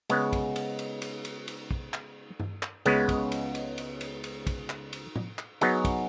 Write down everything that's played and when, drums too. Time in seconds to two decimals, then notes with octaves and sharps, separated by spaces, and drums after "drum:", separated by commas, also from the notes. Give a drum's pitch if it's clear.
0.10 C#3 G#3 B3, drum: cymbal
0.33 drum: kick, cymbal
0.56 drum: cymbal
0.79 drum: cymbal
1.02 drum: cymbal
1.25 drum: cymbal
1.48 drum: cymbal
1.71 drum: kick
1.94 drum: clap
2.40 drum: tom G2
2.63 drum: clap
2.86 C#2 C#3 G#3 B3, drum: cymbal
3.09 drum: kick, cymbal
3.32 drum: cymbal
3.55 drum: cymbal
3.78 drum: cymbal
4.01 drum: cymbal
4.24 drum: cymbal
4.47 drum: kick, cymbal
4.70 drum: clap
4.93 drum: cymbal
5.16 drum: tom A2
5.39 drum: clap
5.61 F#3 B3 D#4 G#4, drum: cymbal
5.85 drum: kick, cymbal